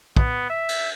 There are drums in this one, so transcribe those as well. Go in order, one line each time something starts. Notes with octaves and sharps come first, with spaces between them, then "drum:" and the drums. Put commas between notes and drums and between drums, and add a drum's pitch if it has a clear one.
B3, drum: kick
E5
drum: cymbal